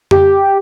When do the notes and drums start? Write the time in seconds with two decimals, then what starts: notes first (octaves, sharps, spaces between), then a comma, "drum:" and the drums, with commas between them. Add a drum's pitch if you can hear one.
0.11 G4, drum: tom F2